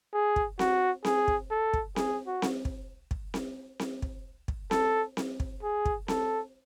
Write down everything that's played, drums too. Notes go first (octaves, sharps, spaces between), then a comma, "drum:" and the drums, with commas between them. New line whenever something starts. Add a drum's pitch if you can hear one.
G#4
drum: kick
F#4, drum: snare C4
G#4, drum: snare C4
drum: kick
A4
drum: kick
G#4, drum: snare C4
F#4
drum: snare C4
drum: kick
drum: kick
drum: snare C4
drum: snare C4
drum: kick
drum: kick
A4, drum: snare C4
drum: snare C4
drum: kick
G#4
drum: kick
A4, drum: snare C4